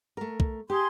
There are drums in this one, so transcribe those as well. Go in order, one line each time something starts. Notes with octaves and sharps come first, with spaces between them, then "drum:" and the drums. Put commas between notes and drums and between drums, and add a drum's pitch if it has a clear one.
A3 A#4
drum: kick
G4 G#4 C6